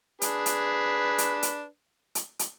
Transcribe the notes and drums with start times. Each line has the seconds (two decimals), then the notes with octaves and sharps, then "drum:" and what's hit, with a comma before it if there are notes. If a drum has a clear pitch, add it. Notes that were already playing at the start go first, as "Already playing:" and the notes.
0.22 D4 G#4 B4, drum: hi-hat
0.46 drum: hi-hat
1.18 drum: hi-hat
1.43 drum: hi-hat
2.15 drum: hi-hat
2.39 drum: hi-hat